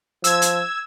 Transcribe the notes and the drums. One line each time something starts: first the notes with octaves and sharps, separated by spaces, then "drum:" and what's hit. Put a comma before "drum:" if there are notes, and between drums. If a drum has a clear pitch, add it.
F3 E6 G#6, drum: hi-hat
drum: hi-hat